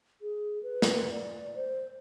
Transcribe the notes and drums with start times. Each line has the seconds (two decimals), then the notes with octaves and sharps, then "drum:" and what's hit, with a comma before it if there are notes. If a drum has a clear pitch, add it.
0.21 G#4
0.63 B4
0.82 drum: snare
1.11 D5
1.56 C5